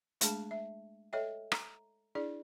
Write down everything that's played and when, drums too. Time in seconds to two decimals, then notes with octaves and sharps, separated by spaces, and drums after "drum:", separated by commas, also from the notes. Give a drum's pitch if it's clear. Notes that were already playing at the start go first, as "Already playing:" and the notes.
0.21 G#3 A3 D4 G#4 A5, drum: hi-hat
0.51 E5
1.13 A4 C#5 D#5 E5 G5
1.52 A#5, drum: rim click
2.15 D4 E4 G#4 D5